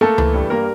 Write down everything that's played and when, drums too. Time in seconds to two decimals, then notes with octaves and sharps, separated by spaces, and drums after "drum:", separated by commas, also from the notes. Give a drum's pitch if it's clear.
0.01 A3 A#3 A4
0.18 E3, drum: tom C#2
0.34 G2
0.50 G3 A#3 A#4